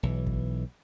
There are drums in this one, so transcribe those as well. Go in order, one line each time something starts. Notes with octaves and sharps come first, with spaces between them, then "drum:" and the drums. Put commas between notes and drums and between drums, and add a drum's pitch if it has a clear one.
B1 E3
drum: kick